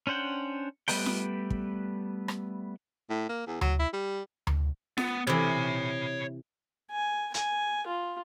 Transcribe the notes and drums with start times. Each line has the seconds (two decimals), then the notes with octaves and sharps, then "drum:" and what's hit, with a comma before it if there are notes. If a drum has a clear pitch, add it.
0.07 C#4 D4 C5 F#5 G5
0.88 G3 A3 B3 B4 G5, drum: open hi-hat
1.06 drum: snare F4
1.50 drum: kick
2.28 drum: rim click
3.10 A2
3.29 A#3
3.47 E2
3.61 F#3, drum: tom D2
3.80 E4
3.93 G3
4.47 drum: tom D2
4.98 B3, drum: snare F4
5.27 C3 E3 C#5 B5
6.91 G#5
7.34 G#5, drum: hi-hat
7.87 F4